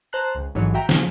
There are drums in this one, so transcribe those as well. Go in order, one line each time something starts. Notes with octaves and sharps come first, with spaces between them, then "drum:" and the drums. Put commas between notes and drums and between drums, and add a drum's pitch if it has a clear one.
C5 A5 A#5 F#6 C7
C#2
A1 G#2 E3 F#3 C#5
F#4 E5 G5 A#5
E2 C#3 F3, drum: snare